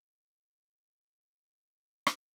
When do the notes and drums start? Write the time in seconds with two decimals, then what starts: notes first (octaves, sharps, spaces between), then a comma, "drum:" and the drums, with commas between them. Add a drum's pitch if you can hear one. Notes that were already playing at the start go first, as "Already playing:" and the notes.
0.16 C4 B4 D5
2.07 drum: rim click